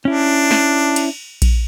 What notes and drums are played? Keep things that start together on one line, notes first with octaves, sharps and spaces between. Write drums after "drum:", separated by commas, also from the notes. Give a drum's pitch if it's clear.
C#4 D4 E4
drum: snare
drum: cymbal
drum: kick A#1, cymbal